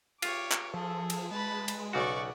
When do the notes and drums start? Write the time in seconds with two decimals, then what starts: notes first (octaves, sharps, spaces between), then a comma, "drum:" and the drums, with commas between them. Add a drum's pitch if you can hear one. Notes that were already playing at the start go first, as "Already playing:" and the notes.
0.22 F4 G4 C#5 D6, drum: cymbal
0.52 drum: clap
0.74 F3 G#4 A4
1.10 drum: cymbal
1.31 G#3 B4 A5 B5
1.68 drum: cymbal
1.93 B1 C#3 F#4 D5 F#5 C#6